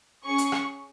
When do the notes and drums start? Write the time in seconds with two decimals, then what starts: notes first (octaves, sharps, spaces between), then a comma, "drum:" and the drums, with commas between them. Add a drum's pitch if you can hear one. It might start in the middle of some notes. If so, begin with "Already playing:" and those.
0.25 C#4 G#4 C#6
0.38 drum: hi-hat
0.52 drum: rim click